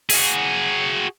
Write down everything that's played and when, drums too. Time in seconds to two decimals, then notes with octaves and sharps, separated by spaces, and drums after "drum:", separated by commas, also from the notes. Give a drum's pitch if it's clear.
0.10 F#4 G#4, drum: open hi-hat